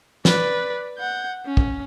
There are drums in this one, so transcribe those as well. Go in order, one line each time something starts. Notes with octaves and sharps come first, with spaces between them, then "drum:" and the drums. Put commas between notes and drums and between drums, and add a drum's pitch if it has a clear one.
B4 D5, drum: snare
F#5 G6
C#4
drum: kick